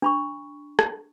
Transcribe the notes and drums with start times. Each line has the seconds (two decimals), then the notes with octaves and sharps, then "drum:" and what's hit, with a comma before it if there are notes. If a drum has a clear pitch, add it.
0.02 D4 B5 C#6
0.79 drum: rim click